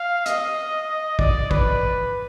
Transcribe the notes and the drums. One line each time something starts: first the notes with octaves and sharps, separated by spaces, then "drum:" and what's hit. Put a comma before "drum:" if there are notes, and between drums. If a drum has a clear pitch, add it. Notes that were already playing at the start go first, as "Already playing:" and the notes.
Already playing: F5
D#5, drum: hi-hat
D5, drum: kick
B4, drum: kick